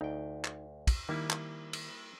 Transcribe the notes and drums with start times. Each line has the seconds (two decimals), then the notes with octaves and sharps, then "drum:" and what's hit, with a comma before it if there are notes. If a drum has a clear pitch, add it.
0.01 D2 D#4 G5
0.44 drum: clap
0.87 drum: kick, cymbal
1.09 D#3 G3 A#3 E4
1.30 drum: clap
1.73 drum: cymbal